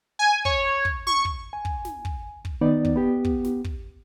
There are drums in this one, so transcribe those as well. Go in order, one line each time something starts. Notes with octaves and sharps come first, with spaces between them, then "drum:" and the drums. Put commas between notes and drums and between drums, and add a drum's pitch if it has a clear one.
G#5
C#5, drum: kick
drum: kick
C#6, drum: snare
drum: kick
G#5
drum: kick
drum: snare
drum: kick
drum: kick
D#3 B3 D#4 D5
drum: kick
B3 G4
drum: kick
drum: snare
drum: kick